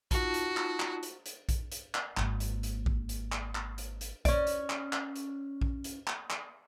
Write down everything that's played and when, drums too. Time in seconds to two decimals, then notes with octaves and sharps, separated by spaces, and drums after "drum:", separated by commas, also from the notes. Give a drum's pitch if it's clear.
0.11 D#4 F4 F#4 A5, drum: kick A#1, hi-hat
0.34 drum: hi-hat
0.57 drum: clap
0.80 drum: clap
1.03 drum: hi-hat
1.26 drum: hi-hat
1.49 drum: kick A#1, hi-hat
1.72 drum: hi-hat
1.94 drum: clap
2.17 G#1 A#3, drum: clap
2.40 drum: hi-hat
2.63 drum: hi-hat
2.86 drum: kick A#1
3.09 drum: hi-hat
3.32 drum: clap
3.55 drum: clap
3.78 drum: hi-hat
4.01 drum: hi-hat
4.25 C#4 D5, drum: kick A#1, hi-hat
4.47 drum: hi-hat
4.70 drum: clap
4.93 drum: clap
5.16 drum: hi-hat
5.61 drum: kick A#1
5.84 drum: hi-hat
6.07 drum: clap
6.30 drum: clap